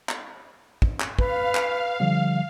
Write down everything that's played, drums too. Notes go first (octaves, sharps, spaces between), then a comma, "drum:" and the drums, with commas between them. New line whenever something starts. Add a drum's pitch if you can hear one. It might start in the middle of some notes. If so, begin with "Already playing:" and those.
drum: clap
drum: kick
drum: clap
B4 F5, drum: kick
drum: clap
D3 F3 G3